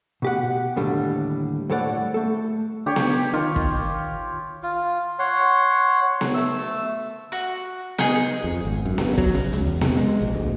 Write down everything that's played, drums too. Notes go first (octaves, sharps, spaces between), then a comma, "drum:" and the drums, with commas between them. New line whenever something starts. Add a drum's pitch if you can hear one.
B2 G4 F#5
D#2 A2 D3 G3
A2 G3 A4 C#5 D5 F#5
A3 A4
D3 G4 C#5
drum: snare B3
D#3 F4
drum: kick
F4
C#5 F#5 C6
drum: snare B3
A3 E6
F#4, drum: hi-hat
D#4 G#4, drum: snare B3
F2
G#1
F#2
G2, drum: snare B3
F#3, drum: kick
C#3, drum: hi-hat
C#2, drum: hi-hat
E2
C3, drum: snare B3
G#3
A#1
D2